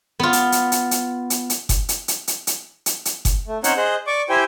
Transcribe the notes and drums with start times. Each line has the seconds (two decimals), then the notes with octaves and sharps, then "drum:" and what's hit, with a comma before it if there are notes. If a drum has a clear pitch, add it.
0.20 B3 F4
0.33 drum: hi-hat
0.52 drum: hi-hat
0.72 drum: hi-hat
0.91 drum: hi-hat
1.30 drum: hi-hat
1.50 drum: hi-hat
1.69 drum: kick F#1, hi-hat
1.89 drum: hi-hat
2.08 drum: hi-hat
2.28 drum: hi-hat
2.47 drum: hi-hat
2.86 drum: hi-hat
3.05 drum: hi-hat
3.25 drum: kick F#1, hi-hat
3.48 A3
3.64 C4 C#4 D#4 C5 C#5 F#5, drum: hi-hat
3.77 G#4 C5 D#5 F#6
4.07 D5 C#6 D6
4.29 E4 G4 C5 G5 G#5